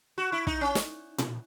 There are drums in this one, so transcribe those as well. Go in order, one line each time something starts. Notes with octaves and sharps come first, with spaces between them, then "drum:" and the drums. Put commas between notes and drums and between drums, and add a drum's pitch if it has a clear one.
F#4
E4
D#4, drum: kick
C#4
drum: snare
drum: tom A#2